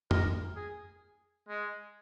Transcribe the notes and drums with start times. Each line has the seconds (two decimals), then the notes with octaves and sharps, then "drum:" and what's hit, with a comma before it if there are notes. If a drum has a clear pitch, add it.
0.11 A#4, drum: tom
0.56 G#4
1.48 G#3